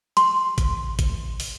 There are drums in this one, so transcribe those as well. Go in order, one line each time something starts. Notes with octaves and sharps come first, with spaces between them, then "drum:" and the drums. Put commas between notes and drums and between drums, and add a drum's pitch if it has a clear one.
C6, drum: hi-hat
drum: kick G#1, hi-hat
drum: kick G#1, hi-hat
drum: open hi-hat